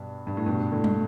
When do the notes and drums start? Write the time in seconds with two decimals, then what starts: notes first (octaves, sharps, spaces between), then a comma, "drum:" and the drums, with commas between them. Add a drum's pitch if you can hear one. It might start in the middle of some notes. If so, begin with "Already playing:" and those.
Already playing: G2 B2
0.27 G2
0.37 A2
0.46 G2 B2
0.71 A2 D3
0.84 drum: tom G3